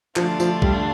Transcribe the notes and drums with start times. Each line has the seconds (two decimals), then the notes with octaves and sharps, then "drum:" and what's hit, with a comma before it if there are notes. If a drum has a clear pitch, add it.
0.16 D3 F3 A3 D4 F4, drum: clap
0.40 F3, drum: tambourine
0.62 G3, drum: kick